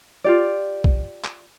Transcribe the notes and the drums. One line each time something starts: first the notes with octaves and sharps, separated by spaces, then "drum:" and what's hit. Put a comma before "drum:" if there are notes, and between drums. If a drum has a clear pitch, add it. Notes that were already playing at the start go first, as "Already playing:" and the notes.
F4 G4 D5
drum: kick
drum: clap